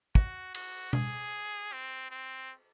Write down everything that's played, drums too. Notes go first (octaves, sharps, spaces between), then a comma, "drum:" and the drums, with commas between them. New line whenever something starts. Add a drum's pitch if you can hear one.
F#4, drum: kick
F#4, drum: cymbal
G#4, drum: tom B2
C4
C4